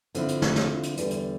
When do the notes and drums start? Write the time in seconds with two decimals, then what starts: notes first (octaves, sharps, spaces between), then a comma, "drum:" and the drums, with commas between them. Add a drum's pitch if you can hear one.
0.15 D3 F3 C4 E4, drum: hi-hat
0.28 drum: hi-hat
0.42 drum: snare
0.56 drum: snare
0.83 drum: hi-hat
0.97 E2 D3 G3, drum: hi-hat
1.10 drum: hi-hat